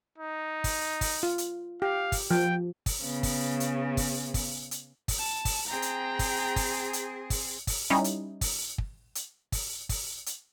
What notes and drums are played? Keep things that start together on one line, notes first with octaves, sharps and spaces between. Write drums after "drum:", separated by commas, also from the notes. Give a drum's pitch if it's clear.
D#4
drum: kick, open hi-hat
drum: kick, open hi-hat
F4
drum: hi-hat
G4 F5
drum: kick, open hi-hat
F3 G5
drum: kick, open hi-hat
C#3 B3
drum: kick, open hi-hat
drum: hi-hat
drum: kick, open hi-hat
drum: kick, open hi-hat
drum: hi-hat
drum: kick, open hi-hat
A5
drum: kick, open hi-hat
C4 G#4 G5 A#5
drum: hi-hat
drum: kick, open hi-hat
drum: kick, open hi-hat
drum: hi-hat
drum: kick, open hi-hat
drum: kick, open hi-hat
G3 C#4 D#4 E4
drum: hi-hat
drum: kick, open hi-hat
drum: kick
drum: hi-hat
drum: kick, open hi-hat
drum: kick, open hi-hat
drum: hi-hat